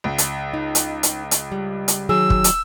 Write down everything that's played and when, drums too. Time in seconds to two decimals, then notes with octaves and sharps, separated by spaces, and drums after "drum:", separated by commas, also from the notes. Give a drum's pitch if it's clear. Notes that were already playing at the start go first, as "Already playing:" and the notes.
0.04 C#2
0.18 drum: hi-hat
0.53 D#4
0.75 drum: hi-hat
1.03 drum: hi-hat
1.31 drum: hi-hat
1.52 G3
1.88 drum: hi-hat
2.09 D#3 F#3 G#4 E6
2.30 drum: kick
2.44 drum: hi-hat